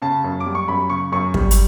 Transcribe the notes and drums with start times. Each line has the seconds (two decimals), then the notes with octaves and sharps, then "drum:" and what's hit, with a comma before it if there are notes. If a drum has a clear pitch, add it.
0.02 C#3 A5
0.24 F#2
0.40 D6
0.46 G3
0.55 C#6
0.68 F#2 B5
0.90 C#3 C#6
1.12 F#2 C#6
1.34 G3, drum: kick
1.51 drum: hi-hat